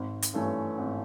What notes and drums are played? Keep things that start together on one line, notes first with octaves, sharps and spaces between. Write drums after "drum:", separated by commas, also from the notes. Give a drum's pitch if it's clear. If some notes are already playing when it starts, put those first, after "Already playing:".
Already playing: G#1
drum: hi-hat
G2 E3 A3 C#4
G#1